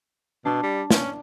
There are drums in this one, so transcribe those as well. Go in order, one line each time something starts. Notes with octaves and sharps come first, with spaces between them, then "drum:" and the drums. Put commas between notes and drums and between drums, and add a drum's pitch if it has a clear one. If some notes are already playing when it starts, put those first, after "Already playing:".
B2 D4 A5 C7
G3
C#4, drum: snare